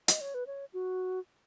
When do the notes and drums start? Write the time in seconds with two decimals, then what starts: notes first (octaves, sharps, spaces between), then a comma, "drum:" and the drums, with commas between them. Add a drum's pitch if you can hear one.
0.08 D#5, drum: hi-hat
0.21 C#5
0.34 B4
0.47 C#5
0.73 F#4